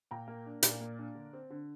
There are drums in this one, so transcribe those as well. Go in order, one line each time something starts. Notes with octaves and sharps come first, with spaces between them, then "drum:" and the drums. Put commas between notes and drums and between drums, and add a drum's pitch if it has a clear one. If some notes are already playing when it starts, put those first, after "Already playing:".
A#2 G5 A#5
A#3
D4
A#2 A#4 D5, drum: hi-hat
A#3
D4
D3
C4
D3